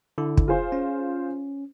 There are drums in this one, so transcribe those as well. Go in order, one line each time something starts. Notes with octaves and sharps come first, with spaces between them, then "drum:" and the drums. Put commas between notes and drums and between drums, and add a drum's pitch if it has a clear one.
D3 E4
drum: kick
F4 G#4 C5
C#4